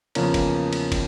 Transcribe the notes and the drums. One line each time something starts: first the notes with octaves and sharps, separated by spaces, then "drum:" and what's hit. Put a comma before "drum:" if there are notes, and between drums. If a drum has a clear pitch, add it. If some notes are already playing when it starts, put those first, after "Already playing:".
E2 C#3 F3 A#3 C#4, drum: cymbal
drum: kick, cymbal
drum: cymbal
drum: kick, cymbal